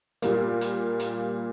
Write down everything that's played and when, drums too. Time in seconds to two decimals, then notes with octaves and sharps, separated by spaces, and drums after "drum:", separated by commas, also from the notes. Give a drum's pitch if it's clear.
0.22 A#2 G3 A#3, drum: hi-hat
0.61 drum: hi-hat
1.00 drum: hi-hat